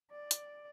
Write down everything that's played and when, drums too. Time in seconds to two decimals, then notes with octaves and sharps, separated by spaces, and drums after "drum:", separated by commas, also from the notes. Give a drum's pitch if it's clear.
0.11 D5
0.31 drum: hi-hat